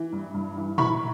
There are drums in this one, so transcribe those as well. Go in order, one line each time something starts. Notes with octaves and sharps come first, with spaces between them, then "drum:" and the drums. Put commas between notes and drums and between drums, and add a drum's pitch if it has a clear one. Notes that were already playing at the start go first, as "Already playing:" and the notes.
Already playing: E3
G2
G2
E3
E3 B5 C#6, drum: tom A#2